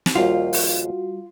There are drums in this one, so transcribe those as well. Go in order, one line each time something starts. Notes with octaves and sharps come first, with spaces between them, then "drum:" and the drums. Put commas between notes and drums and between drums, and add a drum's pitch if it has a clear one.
drum: snare
A#1 D#2 G3 F4 F#4 F5
drum: open hi-hat